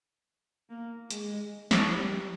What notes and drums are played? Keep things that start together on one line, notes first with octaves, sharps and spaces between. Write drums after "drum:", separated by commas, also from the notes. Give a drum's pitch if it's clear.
A#3
G#3, drum: hi-hat
drum: snare
G3